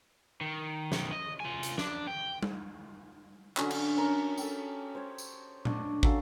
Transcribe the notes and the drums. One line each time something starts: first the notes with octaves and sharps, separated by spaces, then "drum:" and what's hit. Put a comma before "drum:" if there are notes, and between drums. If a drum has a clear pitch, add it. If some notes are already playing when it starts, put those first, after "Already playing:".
D#3
B1 D#3, drum: snare
D#5
F4 G#5
drum: hi-hat
D4, drum: snare
G5
drum: tom G3
D3 F#3 C#4, drum: clap
drum: cymbal
C#4 A#4
G4 A4, drum: tambourine
C5 C#5
drum: tambourine
D4 C#5 D#5, drum: tom A#2
F#3 C#4 A4 F5, drum: kick